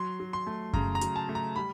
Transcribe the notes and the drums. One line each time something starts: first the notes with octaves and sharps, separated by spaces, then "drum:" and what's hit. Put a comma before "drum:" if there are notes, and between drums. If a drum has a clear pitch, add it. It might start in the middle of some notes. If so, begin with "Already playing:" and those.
Already playing: F#3 C6
F#3
C6
A3
C#3 A#5, drum: kick F#2
A#5
F#3, drum: hi-hat
A5
A3
A#5
G3 B5